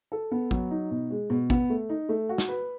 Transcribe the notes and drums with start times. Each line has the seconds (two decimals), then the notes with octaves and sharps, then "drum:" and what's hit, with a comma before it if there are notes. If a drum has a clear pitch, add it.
0.12 A4
0.31 B3
0.51 F#3, drum: kick
0.71 D#4
0.91 B2
1.10 G#3
1.30 B2
1.50 B3, drum: kick
1.70 A3
1.89 D#4
2.09 A3
2.29 F#4
2.38 drum: snare
2.48 B4